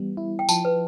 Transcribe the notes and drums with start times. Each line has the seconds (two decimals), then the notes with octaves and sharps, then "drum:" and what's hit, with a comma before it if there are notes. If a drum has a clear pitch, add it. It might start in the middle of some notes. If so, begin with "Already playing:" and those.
Already playing: E3 G3 B3
0.17 E4
0.39 G5
0.49 F3 A5, drum: tambourine
0.65 B4